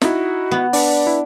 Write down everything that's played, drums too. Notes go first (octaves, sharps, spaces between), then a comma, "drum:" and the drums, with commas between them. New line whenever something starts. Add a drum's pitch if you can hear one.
D#4 E4 F#4, drum: snare
B3
D4 B4 D5, drum: open hi-hat
E4